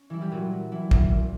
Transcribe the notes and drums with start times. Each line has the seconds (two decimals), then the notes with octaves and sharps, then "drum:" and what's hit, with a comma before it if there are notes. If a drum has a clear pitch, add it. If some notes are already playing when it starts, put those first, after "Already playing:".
Already playing: C#4
0.10 E3 G3 E4
0.21 G3 G4
0.31 A#2 F#3 F#4
0.52 G3
0.71 A#2 E3 E4
0.91 F#3, drum: kick
1.12 A#2